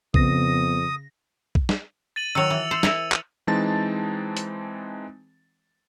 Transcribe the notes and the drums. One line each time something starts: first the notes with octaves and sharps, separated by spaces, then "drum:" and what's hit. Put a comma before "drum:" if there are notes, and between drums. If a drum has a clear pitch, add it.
F2 C#3 B3 D#6 A#6, drum: kick A#1
drum: kick A#1
drum: snare
A6 D#7 F#7
D#3 F#3 E6 C#7 F7
E3
C5
E4 A#4 G#5, drum: snare
drum: clap
E3 G#3 C4 D#4 A5 A6
drum: hi-hat